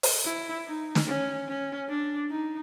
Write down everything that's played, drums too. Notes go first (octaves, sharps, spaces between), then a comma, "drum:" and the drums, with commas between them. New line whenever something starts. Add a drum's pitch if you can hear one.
drum: open hi-hat
E4
D#4
drum: snare
C#4
C#4
D4
D#4